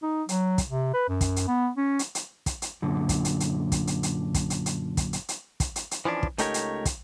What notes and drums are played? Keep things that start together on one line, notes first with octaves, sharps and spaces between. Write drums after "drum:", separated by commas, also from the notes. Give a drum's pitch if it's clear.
D#4
F#3, drum: hi-hat
drum: kick, hi-hat
C3
B4
F#2
drum: kick, hi-hat
drum: hi-hat
B3
C#4
drum: hi-hat
drum: hi-hat
drum: kick, hi-hat
drum: hi-hat
F#2 A#2 D3
drum: kick, hi-hat
drum: hi-hat
drum: hi-hat
drum: kick, hi-hat
drum: hi-hat
drum: hi-hat
drum: kick, hi-hat
drum: hi-hat
drum: hi-hat
drum: kick, hi-hat
drum: hi-hat
drum: hi-hat
drum: kick, hi-hat
drum: hi-hat
drum: hi-hat
E3 F3 C#4 D4
drum: kick
C#2 A3 D#4 G4 A#4 C#5, drum: hi-hat
drum: hi-hat
drum: kick, hi-hat